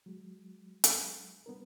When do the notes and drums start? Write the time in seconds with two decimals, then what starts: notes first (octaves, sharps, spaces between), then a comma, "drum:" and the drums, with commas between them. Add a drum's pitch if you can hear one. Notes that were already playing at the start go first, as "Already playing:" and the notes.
0.06 F#3 G#3
0.84 drum: hi-hat
1.46 G3 B3 D4 A#4